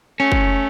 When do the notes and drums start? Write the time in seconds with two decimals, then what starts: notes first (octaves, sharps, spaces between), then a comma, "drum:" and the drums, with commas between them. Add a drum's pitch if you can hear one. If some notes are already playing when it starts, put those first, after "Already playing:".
0.20 A3 C#4
0.32 drum: kick